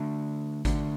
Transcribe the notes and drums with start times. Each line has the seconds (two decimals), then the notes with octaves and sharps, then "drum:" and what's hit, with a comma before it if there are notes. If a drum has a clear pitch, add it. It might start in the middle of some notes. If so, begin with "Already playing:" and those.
Already playing: D3 A3 D4
0.65 D3 A3 D4, drum: kick G#1, hi-hat